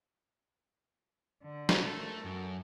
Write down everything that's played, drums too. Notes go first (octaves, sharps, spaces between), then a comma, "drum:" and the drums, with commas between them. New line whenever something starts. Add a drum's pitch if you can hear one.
D3
drum: snare
A3 A4 A#4
F#2